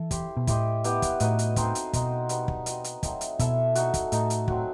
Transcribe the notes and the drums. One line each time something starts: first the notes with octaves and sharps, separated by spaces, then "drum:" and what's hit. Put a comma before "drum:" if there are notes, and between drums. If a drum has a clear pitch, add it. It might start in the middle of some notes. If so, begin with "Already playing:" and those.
Already playing: E3 A4 E5
E4 G4 C5, drum: kick, hi-hat
B2
A2 E4 G4 C5 D#5, drum: kick, hi-hat
B3 E4 G4 B4, drum: hi-hat
drum: kick, hi-hat
A2 D#4 F#4 B4 D#5, drum: hi-hat
drum: hi-hat
C4 D#4 A4 C5, drum: kick, hi-hat
drum: hi-hat
B2 D#4 F#4 C5, drum: kick, hi-hat
G3 B3 D#4, drum: hi-hat
drum: kick
C4 F#4 B4 D#5, drum: hi-hat
drum: hi-hat
F#3 A3 C4 D#4, drum: kick, hi-hat
drum: hi-hat
B2 E4 A4 E5, drum: kick, hi-hat
A3 D#4 F#4, drum: hi-hat
drum: kick, hi-hat
A2 D#4 F#4 A4, drum: hi-hat
drum: hi-hat
F#3 C4 F#4, drum: kick